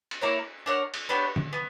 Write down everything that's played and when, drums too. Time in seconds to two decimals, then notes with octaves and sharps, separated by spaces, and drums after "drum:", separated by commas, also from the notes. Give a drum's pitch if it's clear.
0.11 drum: cymbal
0.21 A#3 E4 A#4 C#5
0.66 D4 A#4 C#5 F#5
0.94 drum: cymbal
1.09 B3 D4 G4 C#5
1.36 drum: tom
1.53 B3